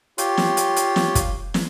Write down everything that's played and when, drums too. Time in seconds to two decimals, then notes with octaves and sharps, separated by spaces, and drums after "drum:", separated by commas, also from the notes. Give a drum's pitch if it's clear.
0.18 F4 G4 C#5 G5 C6, drum: hi-hat
0.37 drum: snare
0.57 drum: hi-hat
0.76 drum: hi-hat
0.96 drum: snare
1.15 drum: kick, hi-hat
1.54 drum: snare